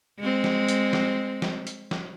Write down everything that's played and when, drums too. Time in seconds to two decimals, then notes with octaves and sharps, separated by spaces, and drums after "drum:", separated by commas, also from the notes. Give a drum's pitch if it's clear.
0.19 G#3 C4
0.44 drum: snare
0.68 drum: hi-hat
0.93 drum: snare
1.42 drum: snare
1.67 drum: hi-hat
1.91 drum: snare